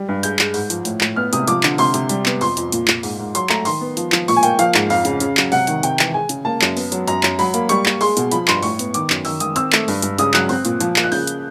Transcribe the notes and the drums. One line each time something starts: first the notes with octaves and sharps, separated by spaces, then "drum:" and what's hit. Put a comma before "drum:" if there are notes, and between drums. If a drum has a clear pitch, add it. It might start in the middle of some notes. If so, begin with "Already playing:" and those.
Already playing: G3
G2
G#3 G6, drum: hi-hat
G#3, drum: clap
G#2, drum: open hi-hat
F3, drum: hi-hat
A2, drum: hi-hat
A2, drum: clap
B3 F6
C3 D#6, drum: hi-hat
F3 D6, drum: hi-hat
D3, drum: clap
C3 C6, drum: open hi-hat
C3, drum: hi-hat
G3, drum: hi-hat
B3, drum: clap
F2 C6, drum: open hi-hat
F2, drum: hi-hat
A#2, drum: hi-hat
A#2, drum: clap
G#2, drum: open hi-hat
G#2
F#3 C6, drum: hi-hat
A3 A#5, drum: clap
D#3 C6, drum: open hi-hat
B3
F3, drum: hi-hat
F3, drum: clap
A#2 C#6, drum: open hi-hat
G#5
A#3 G5, drum: hi-hat
F3 F5, drum: hi-hat
G#2, drum: clap
F2 F5, drum: open hi-hat
C#3, drum: hi-hat
C#3, drum: hi-hat
F#3, drum: clap
C3 F#5, drum: open hi-hat
D#3, drum: hi-hat
C3 G5, drum: hi-hat
E3, drum: clap
G#3 G#5
C#3, drum: hi-hat
A#3 A5
F#2, drum: clap
B3, drum: open hi-hat
F#3, drum: hi-hat
F#2 A#5, drum: hi-hat
F#2, drum: clap
F#3 B5, drum: open hi-hat
A#3, drum: hi-hat
G3 C#6, drum: hi-hat
A#3, drum: clap
G#3 C6, drum: open hi-hat
B2, drum: hi-hat
F3 B5, drum: hi-hat
G2 C6, drum: clap
A2 C#6, drum: open hi-hat
B3, drum: hi-hat
D#3 D6, drum: hi-hat
F#2, drum: clap
D#3 E6, drum: open hi-hat
D#3 D#6, drum: hi-hat
C4 E6, drum: hi-hat
A3, drum: clap
G2, drum: open hi-hat
G2, drum: hi-hat
C#3 D#6, drum: hi-hat
F#3 F#6, drum: clap
C4, drum: open hi-hat
A#2, drum: hi-hat
F3, drum: hi-hat
A#3, drum: clap
F#6
C#3 G6, drum: open hi-hat
drum: hi-hat